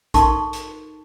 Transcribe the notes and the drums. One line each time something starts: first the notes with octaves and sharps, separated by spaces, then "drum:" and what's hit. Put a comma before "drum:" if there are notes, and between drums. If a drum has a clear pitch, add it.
D#4 A4 A#4 A5 C6 C#6, drum: kick A#1, hi-hat
drum: hi-hat